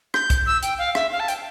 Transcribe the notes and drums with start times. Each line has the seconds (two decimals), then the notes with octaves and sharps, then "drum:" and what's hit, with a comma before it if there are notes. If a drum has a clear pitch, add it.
0.14 G6, drum: rim click
0.30 drum: kick, hi-hat
0.46 E6
0.63 G5, drum: hi-hat
0.79 F5
0.95 E5, drum: rim click
1.12 F5
1.20 A5
1.28 G5, drum: hi-hat